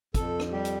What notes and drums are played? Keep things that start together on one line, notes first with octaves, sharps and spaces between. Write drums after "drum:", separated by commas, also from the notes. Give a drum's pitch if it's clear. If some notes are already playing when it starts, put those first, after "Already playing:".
F2 A4, drum: kick, hi-hat
drum: rim click
G3 G4
drum: hi-hat